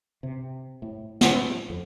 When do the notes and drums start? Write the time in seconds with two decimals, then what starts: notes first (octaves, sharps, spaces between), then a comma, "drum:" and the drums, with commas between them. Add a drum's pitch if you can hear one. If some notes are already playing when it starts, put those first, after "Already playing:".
0.23 C3
0.82 A2
1.21 drum: snare
1.70 F2